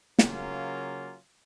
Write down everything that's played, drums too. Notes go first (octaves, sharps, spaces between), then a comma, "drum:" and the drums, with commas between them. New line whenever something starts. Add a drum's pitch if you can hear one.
C#3 F#3 A#3 C#4 F4, drum: snare